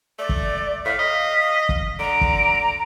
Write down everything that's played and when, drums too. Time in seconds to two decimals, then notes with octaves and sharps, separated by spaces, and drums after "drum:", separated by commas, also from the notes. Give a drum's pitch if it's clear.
0.19 A3 D5
0.29 drum: kick
0.85 A2 F5 B6
0.99 D#5 B6
1.69 drum: kick
2.00 D3 A#5 D7
2.21 drum: kick